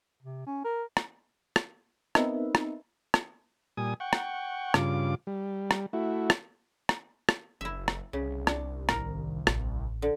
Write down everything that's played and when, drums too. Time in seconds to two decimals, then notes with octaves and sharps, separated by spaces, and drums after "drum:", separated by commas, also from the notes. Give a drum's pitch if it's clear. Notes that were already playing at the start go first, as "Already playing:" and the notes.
0.23 C3
0.46 C#4
0.64 A#4
0.97 drum: rim click
1.56 drum: rim click
2.15 B3 C4 D#4 A#4 B4 E5, drum: rim click
2.55 drum: rim click
3.14 drum: rim click
3.77 A#2 G3 G#5 D#6
4.00 F#5 G5 C#6
4.13 drum: rim click
4.74 G2 C#3 F4 D6, drum: rim click
5.27 G3
5.71 drum: rim click
5.93 A3 E4 F#4
6.30 drum: rim click
6.89 drum: rim click
7.29 drum: rim click
7.61 F#1 E4 E5
7.88 drum: rim click
8.13 C2 C#3
8.47 D4, drum: rim click
8.89 A1 D#3 A#4, drum: rim click
9.47 A1, drum: rim click
10.02 D3